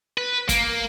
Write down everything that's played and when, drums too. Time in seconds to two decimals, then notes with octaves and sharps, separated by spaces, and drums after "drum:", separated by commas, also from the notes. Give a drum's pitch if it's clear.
0.18 B4
0.49 A#3, drum: kick, hi-hat